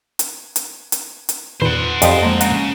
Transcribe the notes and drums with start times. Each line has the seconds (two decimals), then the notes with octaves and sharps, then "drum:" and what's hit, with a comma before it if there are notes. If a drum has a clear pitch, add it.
0.19 drum: hi-hat
0.56 drum: hi-hat
0.92 drum: hi-hat
1.29 drum: hi-hat
1.62 E2 A#2 D#3 B4 C5 F#5
2.02 F2 G4 D5 D#5 C6, drum: hi-hat
2.23 F3 G#3 A#3 A#5
2.41 C#3 F#5 A#5, drum: hi-hat